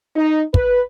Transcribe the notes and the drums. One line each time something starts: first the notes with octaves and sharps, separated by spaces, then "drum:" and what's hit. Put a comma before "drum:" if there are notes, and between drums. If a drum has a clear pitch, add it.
D#4
B4, drum: kick